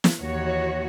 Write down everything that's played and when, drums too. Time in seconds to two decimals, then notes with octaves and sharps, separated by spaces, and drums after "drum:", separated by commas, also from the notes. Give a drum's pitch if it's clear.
0.04 drum: snare
0.21 D#2 E3 F#4 C#5